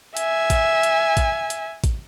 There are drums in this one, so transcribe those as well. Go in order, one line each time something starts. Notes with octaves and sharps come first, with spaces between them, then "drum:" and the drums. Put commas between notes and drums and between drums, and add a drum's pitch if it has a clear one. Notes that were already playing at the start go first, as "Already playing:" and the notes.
E5 G#5, drum: hi-hat
drum: kick A1, hi-hat
drum: hi-hat
drum: kick A1, hi-hat
drum: hi-hat
drum: kick A1, hi-hat